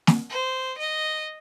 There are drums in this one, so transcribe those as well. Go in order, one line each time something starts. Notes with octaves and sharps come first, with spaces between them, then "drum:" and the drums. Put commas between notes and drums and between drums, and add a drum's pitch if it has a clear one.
drum: snare
C5
D#5